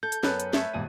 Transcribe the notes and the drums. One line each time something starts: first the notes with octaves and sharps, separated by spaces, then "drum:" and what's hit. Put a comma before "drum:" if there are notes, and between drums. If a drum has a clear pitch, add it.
A4 G6
drum: hi-hat
F#2 B3 A4 B4 F#6, drum: snare
drum: hi-hat
A3 C#5 E5, drum: snare
G#1 A#2 G3 A5 D#7